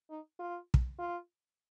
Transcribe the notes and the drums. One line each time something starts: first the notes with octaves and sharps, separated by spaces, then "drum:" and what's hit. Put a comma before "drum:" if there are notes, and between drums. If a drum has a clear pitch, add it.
D#4
F4
drum: kick
F4